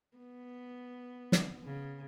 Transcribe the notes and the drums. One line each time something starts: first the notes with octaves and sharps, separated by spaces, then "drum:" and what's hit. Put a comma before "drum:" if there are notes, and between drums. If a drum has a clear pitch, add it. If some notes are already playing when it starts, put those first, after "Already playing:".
B3
drum: snare
C#3